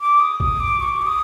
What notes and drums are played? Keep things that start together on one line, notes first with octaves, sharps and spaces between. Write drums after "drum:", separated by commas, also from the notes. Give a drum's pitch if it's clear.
D6
D#6
D#6, drum: kick A1
D6
C#6
D6
C#6
D6
D#6